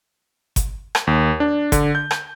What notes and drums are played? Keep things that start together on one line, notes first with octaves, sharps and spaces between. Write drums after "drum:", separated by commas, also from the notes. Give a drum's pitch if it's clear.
drum: kick G1, hi-hat
drum: rim click
D#2
D4
D3, drum: kick G1, hi-hat
G6
drum: rim click